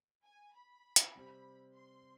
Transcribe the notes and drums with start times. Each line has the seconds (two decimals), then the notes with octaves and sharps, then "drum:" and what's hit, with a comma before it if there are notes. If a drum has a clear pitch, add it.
0.24 G#5
0.54 B5
0.96 drum: hi-hat
1.15 C3 G3 C4
1.75 C6